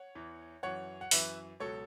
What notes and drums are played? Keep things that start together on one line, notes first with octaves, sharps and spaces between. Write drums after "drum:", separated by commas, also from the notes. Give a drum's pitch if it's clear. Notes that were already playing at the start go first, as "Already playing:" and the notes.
Already playing: C#5 F#5
E2 E3
F#2 E3 C#5 F#5
F#5
F#2 E3 B4 E5, drum: open hi-hat
C#2 B2 F#3 A4 C#5